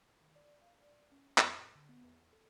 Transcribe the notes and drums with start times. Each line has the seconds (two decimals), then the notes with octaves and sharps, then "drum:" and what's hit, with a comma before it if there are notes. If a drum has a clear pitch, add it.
0.21 D#3
0.36 D5
0.61 F5
0.79 D5
1.12 C#4
1.38 F2, drum: clap
1.57 A2
1.75 D3
1.89 B3
2.04 E2
2.33 A4